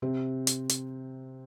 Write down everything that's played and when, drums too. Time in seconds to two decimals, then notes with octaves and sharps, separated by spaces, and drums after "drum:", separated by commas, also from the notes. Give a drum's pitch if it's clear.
0.02 C3 C4
0.47 drum: hi-hat
0.69 drum: hi-hat